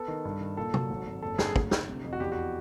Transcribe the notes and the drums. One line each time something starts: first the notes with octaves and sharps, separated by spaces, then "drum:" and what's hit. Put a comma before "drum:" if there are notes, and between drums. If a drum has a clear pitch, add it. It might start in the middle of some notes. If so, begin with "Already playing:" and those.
Already playing: B3 A4
D#3
G2
D#3
A#2 A4
F#3, drum: tom
G#1
G#1
F#1 A4
F#1 G#4, drum: snare
D2, drum: kick
D2, drum: snare
C3
F2
F#4
E2 G4
F#4